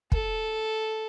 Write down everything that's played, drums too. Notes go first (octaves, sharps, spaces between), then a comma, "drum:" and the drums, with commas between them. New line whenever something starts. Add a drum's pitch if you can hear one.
A4, drum: kick